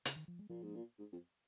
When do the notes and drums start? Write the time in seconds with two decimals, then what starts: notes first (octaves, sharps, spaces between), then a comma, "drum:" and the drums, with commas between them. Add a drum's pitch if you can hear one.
0.05 C#3, drum: hi-hat
0.16 D#3
0.28 F3
0.39 G#3
0.49 A#2 F3 A#3
0.63 G#2
0.75 A#2
0.99 G#2
1.12 F2